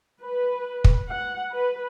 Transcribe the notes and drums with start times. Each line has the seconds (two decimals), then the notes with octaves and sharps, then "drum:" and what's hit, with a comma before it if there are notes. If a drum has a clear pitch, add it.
0.22 B4
0.84 drum: kick
1.08 F#5
1.53 B4